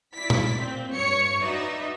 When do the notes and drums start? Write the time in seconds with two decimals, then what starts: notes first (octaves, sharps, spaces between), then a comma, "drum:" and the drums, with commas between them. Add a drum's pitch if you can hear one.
0.15 E4 D5 B6
0.30 drum: tom A#2
0.59 A#2 C4
0.93 G2 C#5 C#7
1.42 D#4 F#4 B4 D5 E5